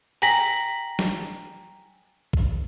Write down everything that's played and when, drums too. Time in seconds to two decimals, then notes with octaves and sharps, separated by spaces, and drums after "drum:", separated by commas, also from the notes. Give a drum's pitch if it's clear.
0.22 G5 G#5 A#5 A#6 B6 F#7, drum: open hi-hat
0.99 drum: snare
2.33 drum: kick A#1